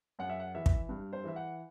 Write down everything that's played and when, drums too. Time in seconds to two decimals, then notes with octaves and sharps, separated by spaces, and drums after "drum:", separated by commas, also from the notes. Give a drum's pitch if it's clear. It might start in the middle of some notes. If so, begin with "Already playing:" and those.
0.19 F#2 F#5
0.29 E5
0.40 F#5
0.55 E3 E5
0.66 drum: kick
0.89 G2
1.13 C5
1.24 E3 E5
1.36 F#5